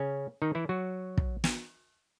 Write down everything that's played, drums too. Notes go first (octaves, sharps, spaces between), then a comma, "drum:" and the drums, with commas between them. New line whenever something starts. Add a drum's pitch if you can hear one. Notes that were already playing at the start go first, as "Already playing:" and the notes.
Already playing: C#3 C#4
D#3 D#4
E3 E4
F#3 F#4
drum: kick
drum: snare